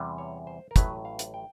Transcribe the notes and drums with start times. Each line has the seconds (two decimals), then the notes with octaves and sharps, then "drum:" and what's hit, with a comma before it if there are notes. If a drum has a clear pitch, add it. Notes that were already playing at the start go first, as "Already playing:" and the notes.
Already playing: E2 C3 E3 G3
0.18 C#5
0.47 C5
0.71 A#4
0.76 A1 A2 F#3 B4, drum: kick, hi-hat
1.05 F5
1.19 drum: hi-hat
1.34 G5